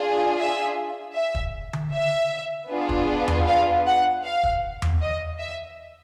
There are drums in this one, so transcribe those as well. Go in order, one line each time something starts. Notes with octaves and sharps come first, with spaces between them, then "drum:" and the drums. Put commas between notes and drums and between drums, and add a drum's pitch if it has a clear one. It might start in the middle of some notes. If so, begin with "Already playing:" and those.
Already playing: D4 F4 G#4
E5
E5
drum: kick
drum: tom D3
E5
B3 D4 F4 G#4
drum: kick
drum: tom E2
F5
F#5
F5
drum: kick
drum: tom E2
D#5
E5